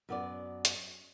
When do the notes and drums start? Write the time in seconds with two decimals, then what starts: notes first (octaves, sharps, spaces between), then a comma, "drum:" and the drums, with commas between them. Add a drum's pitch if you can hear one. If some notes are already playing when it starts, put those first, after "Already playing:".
0.09 F#2 B3 D5
0.65 drum: hi-hat